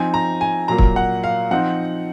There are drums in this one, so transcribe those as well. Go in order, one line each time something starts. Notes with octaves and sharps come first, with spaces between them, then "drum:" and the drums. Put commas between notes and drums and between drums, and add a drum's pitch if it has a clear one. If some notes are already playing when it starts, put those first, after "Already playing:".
Already playing: F3 C4 D#4 G#5
A#5
G#5
A#2 F#3 A#3 A#5
drum: kick
F#5
F5
F3 C4 D#4 F#5